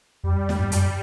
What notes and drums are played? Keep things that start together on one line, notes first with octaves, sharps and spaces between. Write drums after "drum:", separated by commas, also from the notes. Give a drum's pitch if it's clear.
F2 G3
drum: snare
G2
F#2, drum: hi-hat